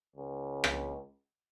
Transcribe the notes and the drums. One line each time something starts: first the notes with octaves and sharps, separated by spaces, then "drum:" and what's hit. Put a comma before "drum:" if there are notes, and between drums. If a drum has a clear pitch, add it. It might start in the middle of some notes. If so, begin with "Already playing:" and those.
C#2
drum: rim click